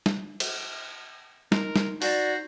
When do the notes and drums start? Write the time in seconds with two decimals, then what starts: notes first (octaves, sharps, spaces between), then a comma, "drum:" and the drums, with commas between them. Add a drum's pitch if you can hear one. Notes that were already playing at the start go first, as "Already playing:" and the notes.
0.06 drum: snare
0.40 drum: cymbal
1.52 D#4 A#4 C6, drum: snare
1.76 drum: snare
2.02 F#4 C5 D5 A#5, drum: open hi-hat